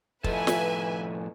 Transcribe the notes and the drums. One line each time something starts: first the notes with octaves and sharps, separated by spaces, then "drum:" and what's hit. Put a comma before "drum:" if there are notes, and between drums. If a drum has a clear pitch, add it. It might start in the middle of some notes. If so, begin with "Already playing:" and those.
A2 F3 A4 B4 E5 G#5, drum: kick
drum: snare